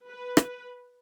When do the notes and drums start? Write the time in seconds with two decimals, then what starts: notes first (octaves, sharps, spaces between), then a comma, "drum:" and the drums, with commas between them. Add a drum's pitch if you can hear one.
0.08 B4
0.37 drum: rim click